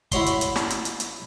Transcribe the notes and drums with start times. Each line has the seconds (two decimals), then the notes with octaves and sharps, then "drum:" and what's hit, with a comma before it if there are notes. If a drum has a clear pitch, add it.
0.12 E4 F#4 C#5 C6, drum: kick, hi-hat
0.26 drum: hi-hat
0.41 drum: hi-hat
0.56 drum: snare
0.70 drum: hi-hat
0.85 drum: hi-hat
1.00 drum: hi-hat